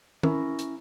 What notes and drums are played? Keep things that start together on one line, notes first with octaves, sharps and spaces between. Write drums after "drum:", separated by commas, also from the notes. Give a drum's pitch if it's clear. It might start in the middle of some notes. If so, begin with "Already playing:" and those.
C#4 E4 A#4, drum: tom D#3
drum: hi-hat